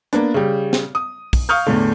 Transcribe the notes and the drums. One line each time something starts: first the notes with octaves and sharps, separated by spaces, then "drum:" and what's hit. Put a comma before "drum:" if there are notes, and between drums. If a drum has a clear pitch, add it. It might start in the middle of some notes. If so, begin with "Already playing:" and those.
A#3 B3 D4, drum: hi-hat
C#3 G3
drum: snare
D#6
drum: kick, open hi-hat
F5 C#6 D#6 F6 G6
E2 A2 D3